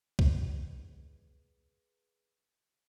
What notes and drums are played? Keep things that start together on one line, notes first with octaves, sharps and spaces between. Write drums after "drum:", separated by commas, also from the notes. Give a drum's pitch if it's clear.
G#4 B4 C#6 D6 G#6, drum: kick C2